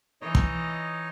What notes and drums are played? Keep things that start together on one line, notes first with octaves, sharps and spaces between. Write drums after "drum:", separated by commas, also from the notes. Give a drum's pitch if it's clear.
E3 D#4 C#5 D#5
drum: kick